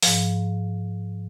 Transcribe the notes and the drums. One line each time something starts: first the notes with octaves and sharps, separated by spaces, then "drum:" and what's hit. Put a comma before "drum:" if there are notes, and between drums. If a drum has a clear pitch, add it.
G#2 F3, drum: open hi-hat